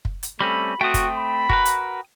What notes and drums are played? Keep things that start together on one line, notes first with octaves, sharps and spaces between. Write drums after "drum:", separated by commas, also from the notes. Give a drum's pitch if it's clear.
drum: kick
drum: hi-hat
G3 A3 C4 C#4 B5
A3 C4 F#4 G5 D#6
drum: kick, hi-hat
B5
F#4 A#4 B4, drum: kick
drum: hi-hat